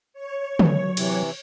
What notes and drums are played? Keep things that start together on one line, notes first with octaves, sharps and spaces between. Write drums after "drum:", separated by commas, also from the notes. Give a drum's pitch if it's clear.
C#5
F#3, drum: tom
C3 E3, drum: cymbal